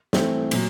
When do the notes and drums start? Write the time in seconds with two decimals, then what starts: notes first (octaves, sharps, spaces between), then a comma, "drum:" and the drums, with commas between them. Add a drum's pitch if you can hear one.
0.13 E3 A3 C4, drum: snare
0.51 A#2 F#3, drum: cymbal